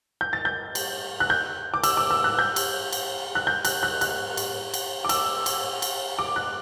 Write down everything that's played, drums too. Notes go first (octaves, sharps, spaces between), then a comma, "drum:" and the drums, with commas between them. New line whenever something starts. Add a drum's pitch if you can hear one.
G6
A6
G6
drum: cymbal
F#6
G6
D6
E6, drum: cymbal
D6
E6
F#6
G6
drum: cymbal
drum: cymbal
F#6
G6
F#6, drum: cymbal
F#6
F#6, drum: cymbal
drum: cymbal
drum: cymbal
D6
E6, drum: cymbal
drum: cymbal
drum: cymbal
D6
F#6